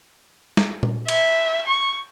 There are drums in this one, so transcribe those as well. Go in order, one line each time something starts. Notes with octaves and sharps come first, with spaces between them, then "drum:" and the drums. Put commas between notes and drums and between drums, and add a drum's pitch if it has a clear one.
drum: snare
drum: tom A#2
E5, drum: cymbal
C#6